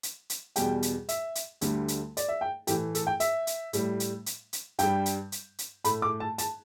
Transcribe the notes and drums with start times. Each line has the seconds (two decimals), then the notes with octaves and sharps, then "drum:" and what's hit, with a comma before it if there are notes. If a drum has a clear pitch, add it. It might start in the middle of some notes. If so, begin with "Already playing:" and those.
0.03 drum: hi-hat
0.30 drum: hi-hat
0.56 E2 B2 G3 G5, drum: hi-hat
0.82 drum: hi-hat
1.09 E5, drum: hi-hat
1.35 drum: hi-hat
1.61 D2 D3 G3, drum: hi-hat
1.88 drum: hi-hat
2.17 D5, drum: hi-hat
2.28 E5
2.41 G5
2.67 A2 E3 A3 G4, drum: hi-hat
2.95 A4, drum: hi-hat
3.07 G5
3.20 E5, drum: hi-hat
3.47 drum: hi-hat
3.73 A2 G3, drum: hi-hat
4.00 drum: hi-hat
4.26 drum: hi-hat
4.53 drum: hi-hat
4.79 G2 G3 G5, drum: hi-hat
5.06 drum: hi-hat
5.32 drum: hi-hat
5.59 drum: hi-hat
5.84 A2 A3 B5, drum: hi-hat
6.02 D6
6.20 A5
6.38 A5, drum: hi-hat